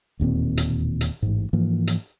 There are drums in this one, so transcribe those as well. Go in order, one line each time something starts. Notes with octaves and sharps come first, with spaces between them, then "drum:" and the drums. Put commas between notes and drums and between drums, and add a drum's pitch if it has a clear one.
E1 D#2 A#2 C4
drum: hi-hat
drum: hi-hat
A1 G#2
G#2 E3 F3 A#3
drum: hi-hat